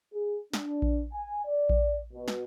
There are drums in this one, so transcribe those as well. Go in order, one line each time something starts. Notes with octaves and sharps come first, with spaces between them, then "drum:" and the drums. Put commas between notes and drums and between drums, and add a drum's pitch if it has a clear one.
G#4
D4, drum: snare
drum: kick A#1
G#5
D5
drum: kick A#1
B2
drum: snare